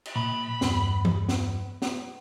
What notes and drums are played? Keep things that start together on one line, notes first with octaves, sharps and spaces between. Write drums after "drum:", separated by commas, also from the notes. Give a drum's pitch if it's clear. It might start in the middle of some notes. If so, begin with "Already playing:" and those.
drum: cymbal
A#2 B5
E2 G2, drum: snare
drum: tom
drum: snare
drum: snare